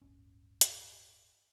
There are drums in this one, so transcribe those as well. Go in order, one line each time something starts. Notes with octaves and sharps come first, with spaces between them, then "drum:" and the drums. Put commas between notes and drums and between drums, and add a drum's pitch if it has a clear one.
D1 G1 C#4
drum: hi-hat